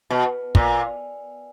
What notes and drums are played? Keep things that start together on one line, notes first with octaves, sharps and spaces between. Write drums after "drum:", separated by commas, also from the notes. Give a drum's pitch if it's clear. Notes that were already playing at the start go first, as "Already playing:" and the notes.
B2
A#2, drum: kick